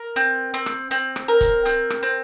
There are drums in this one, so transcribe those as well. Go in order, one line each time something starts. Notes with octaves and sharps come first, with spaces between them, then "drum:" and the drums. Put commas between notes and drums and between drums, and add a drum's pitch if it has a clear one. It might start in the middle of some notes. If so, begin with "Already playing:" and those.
Already playing: A#4
C4
C4
drum: rim click
C4, drum: hi-hat
drum: rim click
A#4
drum: kick, hi-hat
C4, drum: hi-hat
drum: rim click
C4